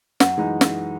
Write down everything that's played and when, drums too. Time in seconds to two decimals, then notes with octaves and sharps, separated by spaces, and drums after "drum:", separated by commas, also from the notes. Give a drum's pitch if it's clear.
0.20 F#2 F#5, drum: snare
0.38 E3 G#3 D#4
0.61 drum: snare